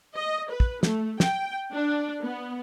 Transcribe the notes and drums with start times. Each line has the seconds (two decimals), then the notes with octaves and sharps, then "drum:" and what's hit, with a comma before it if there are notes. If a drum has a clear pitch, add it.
0.15 D#5
0.50 B4
0.60 drum: kick
0.83 A3, drum: snare
1.20 G5, drum: snare
1.72 D4
2.22 B3